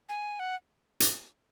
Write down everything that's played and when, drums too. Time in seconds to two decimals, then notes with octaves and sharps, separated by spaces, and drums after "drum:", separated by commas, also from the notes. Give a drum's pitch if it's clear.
0.09 G#5
0.39 F#5
1.00 drum: hi-hat